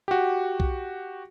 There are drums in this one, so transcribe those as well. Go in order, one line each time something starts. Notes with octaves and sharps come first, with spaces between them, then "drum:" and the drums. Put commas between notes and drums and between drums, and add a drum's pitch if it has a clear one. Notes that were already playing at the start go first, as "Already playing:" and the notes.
F#4 G4
drum: kick B1